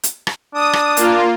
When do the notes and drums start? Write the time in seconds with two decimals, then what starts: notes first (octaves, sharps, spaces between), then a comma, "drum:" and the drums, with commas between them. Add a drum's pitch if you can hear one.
0.03 drum: hi-hat
0.27 drum: rim click
0.54 D4 D#6
0.73 drum: rim click
0.97 A#3 F4, drum: hi-hat